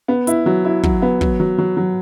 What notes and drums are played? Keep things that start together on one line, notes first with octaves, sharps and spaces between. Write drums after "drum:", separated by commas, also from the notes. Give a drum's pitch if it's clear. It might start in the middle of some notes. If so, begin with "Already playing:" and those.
B3
E4, drum: hi-hat
F#3
E4
F#3, drum: kick
B3
F#3, drum: kick
F#3
F#3
F#3